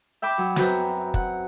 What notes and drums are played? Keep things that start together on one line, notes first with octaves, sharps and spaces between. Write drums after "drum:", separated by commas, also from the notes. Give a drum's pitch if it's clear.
E5 G5 B5 D6
F#3
F#2 C4 F#4 B4 G5 A#5, drum: snare
F#5, drum: kick